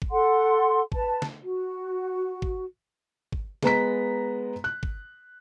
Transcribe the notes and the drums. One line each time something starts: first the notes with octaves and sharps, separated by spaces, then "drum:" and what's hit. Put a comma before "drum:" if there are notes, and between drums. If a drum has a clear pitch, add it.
drum: kick
A4 F#5 C6
B4 A5, drum: kick
drum: snare
F#4
drum: kick
drum: kick
G#3 B3 A#5 B6, drum: snare
F#6
drum: kick